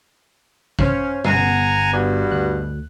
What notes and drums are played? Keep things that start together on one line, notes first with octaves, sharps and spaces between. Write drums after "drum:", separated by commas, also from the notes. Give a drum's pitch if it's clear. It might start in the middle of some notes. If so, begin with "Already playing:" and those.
C#4 C5 F5, drum: kick G#1
G1 B3 F#5 G#5 A#5 C7, drum: tom
G2 B2
D2 F#6